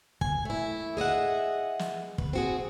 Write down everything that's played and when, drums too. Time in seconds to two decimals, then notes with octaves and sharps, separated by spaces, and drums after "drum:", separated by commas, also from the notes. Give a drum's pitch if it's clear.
0.21 G#5, drum: kick
0.45 A3 E4
0.97 G#4 D#5 E5 F#5
1.79 drum: snare
2.18 B4, drum: kick
2.33 C4 F#4 G#4